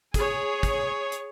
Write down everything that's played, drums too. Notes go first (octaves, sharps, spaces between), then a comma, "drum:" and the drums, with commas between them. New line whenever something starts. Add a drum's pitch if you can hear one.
G#4 C#5, drum: kick, hi-hat
drum: kick, hi-hat
drum: hi-hat